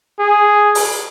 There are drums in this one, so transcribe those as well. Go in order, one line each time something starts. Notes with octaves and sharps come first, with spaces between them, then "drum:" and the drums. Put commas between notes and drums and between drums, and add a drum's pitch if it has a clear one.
G#4
drum: open hi-hat